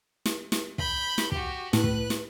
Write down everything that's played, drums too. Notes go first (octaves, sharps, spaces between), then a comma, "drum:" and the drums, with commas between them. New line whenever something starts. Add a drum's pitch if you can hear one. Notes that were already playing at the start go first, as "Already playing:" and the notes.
drum: snare
drum: snare
B5 G6, drum: kick
drum: snare
F#4 G4, drum: kick
A2 B4 F#6, drum: snare
drum: kick
drum: snare